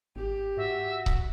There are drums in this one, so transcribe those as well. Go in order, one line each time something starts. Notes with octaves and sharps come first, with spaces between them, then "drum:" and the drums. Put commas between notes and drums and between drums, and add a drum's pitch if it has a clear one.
G#1 G4
G#2 F#4 E5
drum: kick C#1